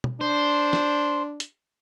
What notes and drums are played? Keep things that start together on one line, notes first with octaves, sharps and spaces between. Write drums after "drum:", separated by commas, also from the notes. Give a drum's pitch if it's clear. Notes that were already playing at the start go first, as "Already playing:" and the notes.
drum: tom
D4 C5
drum: snare
drum: hi-hat